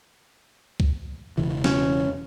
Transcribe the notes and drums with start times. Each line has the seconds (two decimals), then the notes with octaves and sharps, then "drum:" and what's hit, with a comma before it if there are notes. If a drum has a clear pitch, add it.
0.80 drum: kick
1.38 E1 C#3 E3
1.64 C#4, drum: snare